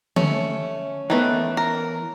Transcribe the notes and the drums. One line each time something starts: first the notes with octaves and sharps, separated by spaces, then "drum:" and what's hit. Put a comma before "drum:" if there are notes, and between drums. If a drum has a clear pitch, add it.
A3 C#4, drum: tom D3
D#3 E3 A3 B3
A#4